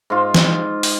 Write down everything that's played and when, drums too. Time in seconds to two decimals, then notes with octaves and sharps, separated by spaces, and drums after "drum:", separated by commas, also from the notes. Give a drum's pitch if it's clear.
0.10 G#2 F4
0.34 drum: snare
0.83 drum: open hi-hat